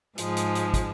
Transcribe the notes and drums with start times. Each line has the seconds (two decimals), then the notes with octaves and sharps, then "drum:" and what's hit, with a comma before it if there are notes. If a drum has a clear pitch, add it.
0.18 G#2 F3 G#3, drum: hi-hat
0.37 drum: hi-hat
0.55 drum: hi-hat
0.74 drum: kick, hi-hat